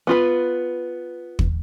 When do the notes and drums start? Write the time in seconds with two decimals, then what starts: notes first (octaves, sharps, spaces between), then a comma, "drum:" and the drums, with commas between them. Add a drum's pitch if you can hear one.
0.07 B3 F4 B4
1.39 drum: kick